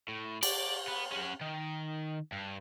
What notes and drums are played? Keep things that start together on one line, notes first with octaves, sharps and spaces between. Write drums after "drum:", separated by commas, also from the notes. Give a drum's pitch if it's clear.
A2
D5, drum: cymbal
B3
C#4 F#5
D#3
G2